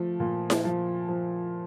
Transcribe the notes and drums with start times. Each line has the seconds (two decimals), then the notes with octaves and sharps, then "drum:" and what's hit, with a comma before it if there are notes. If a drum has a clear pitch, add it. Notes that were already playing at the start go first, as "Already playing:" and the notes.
Already playing: F3 A3
0.20 A#2
0.50 drum: snare E4
0.65 F3
1.09 F3